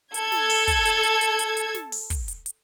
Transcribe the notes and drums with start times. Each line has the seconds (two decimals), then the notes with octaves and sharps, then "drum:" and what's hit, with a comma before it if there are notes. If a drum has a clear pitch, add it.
0.14 A4 G#6, drum: hi-hat
0.32 drum: snare
0.50 drum: open hi-hat
0.68 drum: kick, hi-hat
0.85 drum: hi-hat
1.03 drum: hi-hat
1.21 drum: hi-hat
1.39 drum: hi-hat
1.57 drum: hi-hat
1.75 drum: snare
1.92 drum: open hi-hat
2.10 drum: kick, hi-hat
2.28 drum: hi-hat
2.46 drum: hi-hat